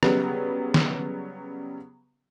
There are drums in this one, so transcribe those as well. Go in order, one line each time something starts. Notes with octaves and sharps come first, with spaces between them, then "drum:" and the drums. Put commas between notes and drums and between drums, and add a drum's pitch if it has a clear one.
C#3 F#3 G3 B3, drum: rim click
drum: snare